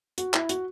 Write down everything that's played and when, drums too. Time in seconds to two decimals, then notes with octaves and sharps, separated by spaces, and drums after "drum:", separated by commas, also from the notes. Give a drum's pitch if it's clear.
0.18 F#4, drum: hi-hat
0.34 E4, drum: clap
0.49 F#4, drum: hi-hat